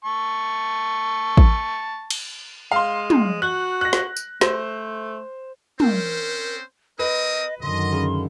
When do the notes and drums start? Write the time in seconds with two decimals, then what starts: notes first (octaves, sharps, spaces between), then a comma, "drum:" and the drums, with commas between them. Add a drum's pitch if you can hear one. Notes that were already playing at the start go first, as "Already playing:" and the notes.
0.05 A5 C#6
1.37 drum: kick A1
2.11 drum: cymbal
2.71 G#3 F5 C6
3.10 drum: tom
3.42 F#4 F#6
3.81 F#6 A#6
3.93 drum: snare
4.17 drum: tambourine
4.41 A3 C5, drum: snare
5.80 C4 C#4 A#4 C5, drum: tom
6.99 C4 A#4 B4 D#5 D#6
7.62 F#2 D3 D#3 D#5 C6
7.92 C#3